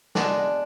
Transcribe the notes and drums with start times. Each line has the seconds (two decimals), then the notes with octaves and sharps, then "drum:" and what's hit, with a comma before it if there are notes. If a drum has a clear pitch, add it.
0.15 B2 G#3 D4, drum: snare